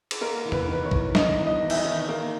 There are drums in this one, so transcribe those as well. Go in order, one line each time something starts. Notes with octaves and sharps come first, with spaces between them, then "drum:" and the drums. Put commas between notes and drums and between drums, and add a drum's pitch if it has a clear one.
drum: cymbal
A#3 A#4
E2
B4, drum: tom E2
D#3
B4
C#5
E2, drum: kick
D#3 D#5, drum: snare
E2
D#5
E2
E5, drum: cymbal
D#5
D#3
A#3